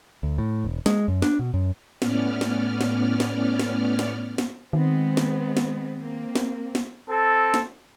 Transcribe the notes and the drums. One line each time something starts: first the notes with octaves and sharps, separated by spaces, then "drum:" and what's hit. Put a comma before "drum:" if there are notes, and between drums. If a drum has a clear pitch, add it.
D2
A2
E1
G#3, drum: snare
F#2
D4, drum: snare
B2
F#2
A2 B3 C#4 D5 F6, drum: snare
drum: snare
drum: snare
drum: snare
drum: snare
drum: snare
drum: snare
D#3 G#3 B3 C4
drum: snare
drum: snare
A#3 C4
drum: snare
drum: snare
C4 A4
drum: snare